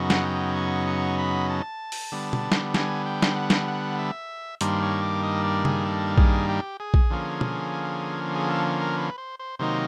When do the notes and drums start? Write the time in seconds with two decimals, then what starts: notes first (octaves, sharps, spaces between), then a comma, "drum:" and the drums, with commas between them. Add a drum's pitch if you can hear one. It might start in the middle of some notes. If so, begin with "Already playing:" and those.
Already playing: F#2 C#3 F#3 B3 D#4
0.10 F#5, drum: snare
0.24 G5
0.56 C#6
0.87 C#6
1.19 B5
1.50 A5
1.92 drum: open hi-hat
2.12 D3 G3 B3
2.33 drum: tom B2
2.52 drum: snare
2.74 G#5, drum: snare
3.06 G5
3.22 drum: snare
3.36 F#5
3.50 drum: snare
3.68 F#5
3.99 E5
4.61 G2 D#3 G3 A#3 D4 C5, drum: hi-hat
4.83 C#5
5.02 D5
5.23 D#5
5.44 D5
5.65 G#4, drum: tom C#3
5.86 A4
6.18 G#4, drum: kick A#1
6.49 G4
6.80 G#4
6.94 drum: kick A#1
7.10 D3 F3 A#3 C#4
7.41 drum: tom B2
8.35 G#4
8.50 A4
8.81 A#4
8.98 B4
9.18 C5
9.39 C5
9.59 C3 D#3 F#3 A#3 D#4 C5